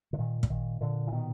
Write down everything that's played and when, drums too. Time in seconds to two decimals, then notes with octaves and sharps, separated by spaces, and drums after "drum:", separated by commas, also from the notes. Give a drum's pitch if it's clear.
0.13 D3
0.18 A#2 D#3
0.43 D3, drum: kick
0.50 A#2 D#3
0.81 A#2 D3
1.07 E3
1.12 B2 D#3